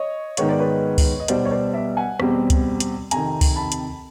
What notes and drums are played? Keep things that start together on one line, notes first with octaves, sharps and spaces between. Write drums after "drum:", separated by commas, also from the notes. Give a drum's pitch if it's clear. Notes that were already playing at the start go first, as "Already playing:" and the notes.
Already playing: C#5 D#5
G#2 D#3 G#3 B3 C#5, drum: hi-hat
D5
B4 C#5
drum: kick C#2, open hi-hat
D#5
B1 B2 G3 B3 C5 D5, drum: hi-hat
C#5
C5 D5
D5 E5
F#5 G#5
E2 B2 G3 C4, drum: rim click
drum: kick C#2, hi-hat
drum: hi-hat
F2 C3 D#3 G#5 A#5, drum: hi-hat
drum: kick C#2, open hi-hat
A5 B5
drum: hi-hat